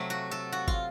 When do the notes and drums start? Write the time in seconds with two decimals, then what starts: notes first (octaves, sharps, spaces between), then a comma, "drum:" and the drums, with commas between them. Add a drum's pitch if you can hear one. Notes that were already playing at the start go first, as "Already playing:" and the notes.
Already playing: C3 F#3 A3
0.10 F#4
0.31 A4
0.52 F#4
0.68 F4, drum: kick G#1